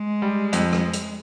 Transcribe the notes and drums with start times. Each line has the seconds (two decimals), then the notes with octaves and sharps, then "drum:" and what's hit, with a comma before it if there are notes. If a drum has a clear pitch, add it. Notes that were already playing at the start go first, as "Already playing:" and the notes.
Already playing: G#3
0.22 G3
0.53 F2, drum: hi-hat
0.73 drum: rim click
0.93 drum: hi-hat